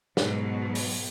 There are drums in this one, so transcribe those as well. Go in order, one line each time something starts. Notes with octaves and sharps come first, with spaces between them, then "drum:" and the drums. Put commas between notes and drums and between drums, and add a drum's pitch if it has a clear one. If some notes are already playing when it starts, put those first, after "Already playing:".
G#2 B2 F#3, drum: snare
drum: open hi-hat